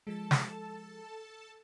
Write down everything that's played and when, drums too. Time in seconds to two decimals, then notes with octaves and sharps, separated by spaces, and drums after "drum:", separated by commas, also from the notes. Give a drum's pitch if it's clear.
0.07 F3 G#3 A4 A5
0.31 drum: snare